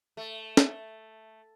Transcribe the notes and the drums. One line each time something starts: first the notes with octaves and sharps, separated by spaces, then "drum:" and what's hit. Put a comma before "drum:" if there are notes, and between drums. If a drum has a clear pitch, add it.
A3
drum: snare